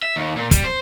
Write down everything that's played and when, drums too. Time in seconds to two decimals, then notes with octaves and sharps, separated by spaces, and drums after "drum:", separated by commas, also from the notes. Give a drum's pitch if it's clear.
0.02 E5
0.16 D#2
0.36 A#2
0.51 G3, drum: kick, hi-hat
0.64 C5